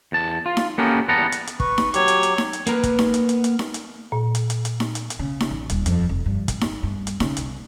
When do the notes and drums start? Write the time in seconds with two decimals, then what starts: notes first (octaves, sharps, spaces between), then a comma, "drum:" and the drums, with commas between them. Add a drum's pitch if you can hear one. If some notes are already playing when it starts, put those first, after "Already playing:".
0.12 E2 A5
0.46 F4
0.57 drum: snare D#4
0.78 A#3 B3 C#4 G4 A4 A#4
1.08 E2 G3 B3 F#5 A5 A#5
1.32 drum: hi-hat
1.47 drum: hi-hat
1.60 B4 C#6, drum: kick
1.78 drum: snare D#4
1.94 F#3 G4 C#5, drum: hi-hat
2.08 drum: hi-hat
2.23 drum: hi-hat
2.38 drum: snare D#4
2.53 drum: hi-hat
2.67 A#3 B3 A#4 B4, drum: hi-hat
2.83 drum: kick, hi-hat
2.99 drum: snare D#4
3.14 drum: hi-hat
3.29 drum: hi-hat
3.44 drum: hi-hat
3.59 drum: snare D#4
3.74 drum: hi-hat
4.12 A#2
4.35 drum: hi-hat
4.50 drum: hi-hat
4.65 drum: hi-hat
4.80 drum: snare D#4
4.95 drum: hi-hat
5.10 drum: hi-hat
5.19 C#3
5.40 drum: snare D#4
5.51 A1
5.70 D#1, drum: hi-hat
5.86 F2, drum: hi-hat
6.09 F1
6.26 G2
6.48 G#2, drum: kick, hi-hat
6.61 drum: snare D#4
6.83 G2
7.07 drum: hi-hat
7.20 C#3, drum: snare D#4
7.37 C2, drum: hi-hat